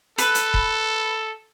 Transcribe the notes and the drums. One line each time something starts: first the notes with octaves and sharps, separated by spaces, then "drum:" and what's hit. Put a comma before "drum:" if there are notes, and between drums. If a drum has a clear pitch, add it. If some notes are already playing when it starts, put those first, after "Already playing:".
A4 B4, drum: hi-hat
drum: hi-hat
drum: kick E1